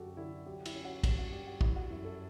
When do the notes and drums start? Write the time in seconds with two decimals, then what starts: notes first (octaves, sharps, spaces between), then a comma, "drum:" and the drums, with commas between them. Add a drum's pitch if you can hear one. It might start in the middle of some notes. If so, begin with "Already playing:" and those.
Already playing: F#2 D3 F#3 F#4 G4 A4
0.17 D3 E4
0.46 F#3 G4
0.66 E4, drum: cymbal
0.74 C#4
0.85 F#4
1.04 G2, drum: kick, cymbal
1.19 F#4
1.32 G2 G4
1.47 F#4
1.61 G3 E4, drum: kick
1.76 F#4
1.90 F#2 E4
2.05 A4